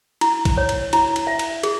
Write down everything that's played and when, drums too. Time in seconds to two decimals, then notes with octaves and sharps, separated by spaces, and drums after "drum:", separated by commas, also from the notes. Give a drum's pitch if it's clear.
0.21 E4, drum: cymbal
0.45 drum: kick, cymbal
0.57 C#5
0.69 drum: cymbal
0.93 E4, drum: cymbal
1.16 drum: cymbal
1.27 E5
1.39 drum: cymbal
1.63 G#4, drum: cymbal